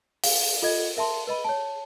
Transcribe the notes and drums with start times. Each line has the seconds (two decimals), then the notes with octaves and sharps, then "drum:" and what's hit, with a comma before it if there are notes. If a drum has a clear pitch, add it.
0.24 F5, drum: open hi-hat
0.62 F4 A4 D#5 G#6
0.97 A#4 E5 A5 C6
1.27 B4 D#5 B5 D#7
1.44 C#5 A5